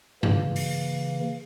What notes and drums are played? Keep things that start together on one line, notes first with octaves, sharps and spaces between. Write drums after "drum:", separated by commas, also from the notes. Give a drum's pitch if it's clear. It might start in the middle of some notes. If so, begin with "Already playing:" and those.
C#3 E3 A#3, drum: tom G2
drum: open hi-hat